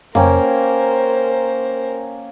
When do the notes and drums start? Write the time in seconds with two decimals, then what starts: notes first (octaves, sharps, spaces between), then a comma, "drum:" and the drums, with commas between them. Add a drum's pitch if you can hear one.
0.15 A#3 C#4 A#4 C5 G5, drum: tom F2